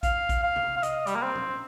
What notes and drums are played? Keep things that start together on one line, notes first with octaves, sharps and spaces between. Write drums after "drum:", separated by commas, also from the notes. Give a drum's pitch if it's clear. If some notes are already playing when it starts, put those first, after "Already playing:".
F5, drum: kick A#1, hi-hat
drum: kick A#1, hi-hat
F5
drum: tom C3
F5
D#5, drum: hi-hat
G3, drum: hi-hat
A#3
C4
drum: tom A#2